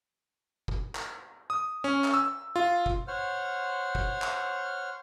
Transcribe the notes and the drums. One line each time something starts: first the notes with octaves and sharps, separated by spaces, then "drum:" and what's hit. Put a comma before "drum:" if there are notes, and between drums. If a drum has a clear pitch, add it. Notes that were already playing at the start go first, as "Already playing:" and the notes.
drum: kick
drum: clap
D#6
C#4
drum: clap
E6
F4
drum: kick
C5 C#5 F#5 F6
drum: kick
drum: clap